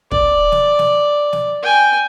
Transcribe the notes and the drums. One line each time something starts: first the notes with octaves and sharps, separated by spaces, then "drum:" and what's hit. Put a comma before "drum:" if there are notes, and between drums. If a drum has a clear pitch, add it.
D5, drum: kick
drum: snare
drum: snare
drum: snare
G5 G#5